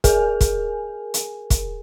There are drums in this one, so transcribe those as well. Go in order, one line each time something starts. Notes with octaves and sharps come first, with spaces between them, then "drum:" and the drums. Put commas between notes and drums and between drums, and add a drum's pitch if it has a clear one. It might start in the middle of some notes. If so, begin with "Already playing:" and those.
G#4 A#4 G#5, drum: kick, hi-hat
drum: kick, hi-hat
drum: hi-hat
drum: kick, hi-hat